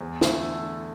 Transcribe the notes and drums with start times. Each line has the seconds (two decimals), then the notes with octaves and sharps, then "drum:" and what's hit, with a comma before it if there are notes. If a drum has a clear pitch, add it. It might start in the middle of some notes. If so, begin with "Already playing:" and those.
0.01 E2
0.21 D3 A3 E4 A4, drum: snare